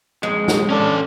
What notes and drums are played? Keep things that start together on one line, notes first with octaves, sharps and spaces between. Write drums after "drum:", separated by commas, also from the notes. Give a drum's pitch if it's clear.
F2 G#2 G#3
drum: snare
C#4 D4 A4